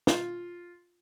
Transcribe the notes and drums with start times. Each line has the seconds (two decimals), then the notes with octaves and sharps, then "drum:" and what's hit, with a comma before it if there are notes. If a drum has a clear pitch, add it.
0.07 F4, drum: snare